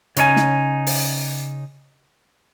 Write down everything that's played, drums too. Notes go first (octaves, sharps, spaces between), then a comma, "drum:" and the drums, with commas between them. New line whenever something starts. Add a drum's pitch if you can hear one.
C#3 C#4 D#4 D5 G#5, drum: hi-hat
drum: snare
drum: open hi-hat